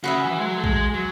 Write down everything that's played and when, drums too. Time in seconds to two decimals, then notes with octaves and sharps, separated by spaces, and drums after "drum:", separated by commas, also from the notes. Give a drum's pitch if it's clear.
0.04 C#3 F#4 B4 E5
0.24 E3
0.37 G#3
0.45 F#3
0.58 A3
0.64 G#3, drum: kick A#1
0.94 F#3